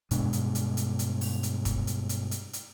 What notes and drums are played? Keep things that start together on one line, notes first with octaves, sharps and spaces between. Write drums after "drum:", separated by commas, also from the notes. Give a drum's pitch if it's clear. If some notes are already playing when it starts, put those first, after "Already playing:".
G2 B2 G#3 D4, drum: hi-hat
drum: hi-hat
drum: hi-hat
drum: hi-hat
drum: hi-hat
drum: open hi-hat
drum: hi-hat
drum: kick, hi-hat
drum: hi-hat
drum: hi-hat
drum: hi-hat
drum: hi-hat